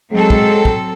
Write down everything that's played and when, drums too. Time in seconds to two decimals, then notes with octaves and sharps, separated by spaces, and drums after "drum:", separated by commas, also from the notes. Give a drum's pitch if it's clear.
0.13 F#3 G#3 C4 A4
0.30 drum: kick
0.65 drum: kick